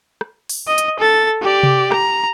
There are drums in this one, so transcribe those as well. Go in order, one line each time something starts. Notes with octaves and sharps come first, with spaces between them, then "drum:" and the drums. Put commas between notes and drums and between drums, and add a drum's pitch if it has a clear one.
drum: rim click
drum: open hi-hat
D#5
drum: hi-hat
A4 A6
G4 D5
drum: tom C3
A#5, drum: rim click